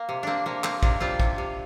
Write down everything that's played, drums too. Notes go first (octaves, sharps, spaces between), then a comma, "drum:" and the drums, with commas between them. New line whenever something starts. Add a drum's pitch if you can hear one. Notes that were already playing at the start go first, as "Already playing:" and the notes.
Already playing: A#3
C3
A#3 C4 D4
C3 A#3
A#3 C4, drum: clap
C3 A#3 D4, drum: kick
G3 C4 F4
C3, drum: kick
C3